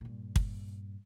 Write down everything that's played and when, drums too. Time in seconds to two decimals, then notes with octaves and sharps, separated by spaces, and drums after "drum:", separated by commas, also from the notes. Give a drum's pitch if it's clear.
0.01 G2 A#2
0.36 drum: kick